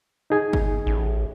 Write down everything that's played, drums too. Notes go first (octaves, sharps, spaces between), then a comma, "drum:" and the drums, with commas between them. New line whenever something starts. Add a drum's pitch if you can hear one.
D#4 G#4 G#5
drum: kick G1
A1